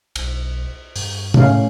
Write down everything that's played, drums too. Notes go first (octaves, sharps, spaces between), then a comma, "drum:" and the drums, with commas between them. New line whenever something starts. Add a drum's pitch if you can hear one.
B1, drum: cymbal
G2, drum: open hi-hat
A2 A3 C#4 F5, drum: tom